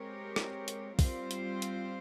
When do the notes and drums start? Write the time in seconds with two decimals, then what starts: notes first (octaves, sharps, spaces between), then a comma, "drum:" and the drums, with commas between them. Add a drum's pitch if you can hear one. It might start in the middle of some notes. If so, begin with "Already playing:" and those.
Already playing: G#3 C4 G4 A#4 C#5
0.36 drum: rim click
0.68 drum: hi-hat
0.99 G3 C4 F4 C5, drum: kick, open hi-hat
1.31 drum: hi-hat
1.62 drum: hi-hat